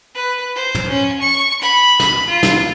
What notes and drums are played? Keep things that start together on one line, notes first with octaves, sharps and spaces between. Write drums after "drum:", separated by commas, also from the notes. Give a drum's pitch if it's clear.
B4
C5
drum: tom
C#4
C#6
B5, drum: hi-hat
B5, drum: snare
F4
drum: snare